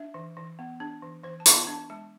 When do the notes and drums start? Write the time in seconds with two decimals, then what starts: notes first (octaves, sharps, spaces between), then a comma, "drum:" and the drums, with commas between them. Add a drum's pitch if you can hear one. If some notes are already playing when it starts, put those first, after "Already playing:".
Already playing: D4 E5
0.14 E3
0.37 E3
0.59 B3
0.80 D4
1.03 E3
1.23 E3 C5
1.40 A5
1.46 B3, drum: hi-hat
1.57 A5
1.67 D4
1.73 A5
1.90 G#3 A5